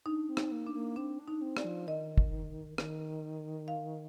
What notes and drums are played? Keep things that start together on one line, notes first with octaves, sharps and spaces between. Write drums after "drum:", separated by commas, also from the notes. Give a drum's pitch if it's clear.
D4 D#4
C4
D#4, drum: rim click
A#3
D4
A#3
C4 D4
D4
D#4
C4
D5, drum: rim click
F3
D#3 D#5
drum: kick
D#3, drum: rim click
F5